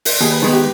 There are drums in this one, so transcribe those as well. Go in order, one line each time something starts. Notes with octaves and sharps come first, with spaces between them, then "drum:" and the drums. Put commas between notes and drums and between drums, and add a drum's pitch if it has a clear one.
drum: open hi-hat
D#2 G#4
B4
D#3 G#3 B3 B4
G4